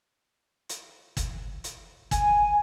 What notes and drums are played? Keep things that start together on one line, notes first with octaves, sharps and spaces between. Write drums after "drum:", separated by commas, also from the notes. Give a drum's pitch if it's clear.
drum: hi-hat
drum: kick, hi-hat
drum: hi-hat
G#5, drum: kick, hi-hat